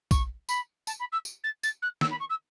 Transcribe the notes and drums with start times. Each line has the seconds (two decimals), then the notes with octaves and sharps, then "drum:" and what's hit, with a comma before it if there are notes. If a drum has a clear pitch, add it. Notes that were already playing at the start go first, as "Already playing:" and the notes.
0.11 C#6, drum: kick A#1, tambourine
0.49 B5, drum: tambourine
0.87 A5, drum: tambourine
1.00 B5
1.12 E6
1.25 drum: tambourine
1.44 A6
1.63 A6, drum: tambourine
1.82 F#6
2.01 E6, drum: snare
2.11 B5
2.20 C#6
2.30 E6